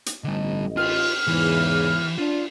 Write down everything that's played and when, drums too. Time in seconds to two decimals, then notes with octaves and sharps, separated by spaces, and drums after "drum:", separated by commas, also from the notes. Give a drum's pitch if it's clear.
0.06 drum: hi-hat
0.24 A1 D3 G3 D#5
0.77 F4 F6, drum: cymbal
1.27 E2 G#2 C#3 E3
2.18 D4 F4